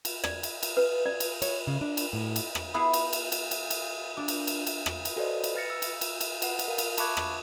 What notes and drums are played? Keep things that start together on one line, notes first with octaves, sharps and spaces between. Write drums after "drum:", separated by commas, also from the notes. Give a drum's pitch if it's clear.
drum: cymbal
D5, drum: rim click
drum: cymbal
drum: cymbal
B4
D5
drum: cymbal
C#5, drum: cymbal
C#3
D4
drum: cymbal
A2
drum: cymbal
drum: rim click
B3 E4 G#4 B4 F#5
drum: cymbal
drum: cymbal
drum: cymbal
drum: cymbal
drum: cymbal
D4
drum: cymbal
drum: cymbal
drum: cymbal
drum: rim click
drum: cymbal
F#4 A4 B4 C5 D5 D#5
drum: cymbal
B4 F6 A6 A#6 C#7
E6
drum: cymbal
drum: cymbal
drum: cymbal
B4 F#5, drum: cymbal
drum: cymbal
A#4 F5
drum: cymbal
A5 B5 C#6 D6 F#6 G#6, drum: cymbal
drum: rim click